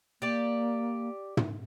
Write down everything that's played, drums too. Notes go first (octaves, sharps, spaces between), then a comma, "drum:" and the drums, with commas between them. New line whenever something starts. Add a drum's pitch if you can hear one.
A#3 G4 D5
drum: tom